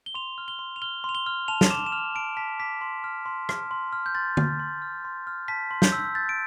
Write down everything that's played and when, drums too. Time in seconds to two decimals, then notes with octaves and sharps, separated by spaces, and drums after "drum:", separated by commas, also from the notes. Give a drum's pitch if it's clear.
0.06 G7
0.14 C6 F7
0.38 F6
0.48 G7
0.59 C6
0.76 F7
0.82 F6 G7
1.04 C6 F7
1.15 G7
1.26 F6
1.48 A5 F7
1.61 drum: snare
1.70 D6 E7
1.86 E7
1.92 F6 F7
2.15 A5 D7
2.37 A5 B6
2.59 D6 B6
2.81 C6
3.04 F6
3.26 C6
3.49 F6, drum: rim click
3.71 C6
3.92 F6
4.06 G6
4.15 C6 A6
4.37 F6, drum: tom D3
4.59 C6
4.82 F6
5.05 C6
5.27 F6
5.48 A5 B6
5.71 C6
5.82 G6, drum: snare
5.92 E6
6.15 G6 A6
6.29 D7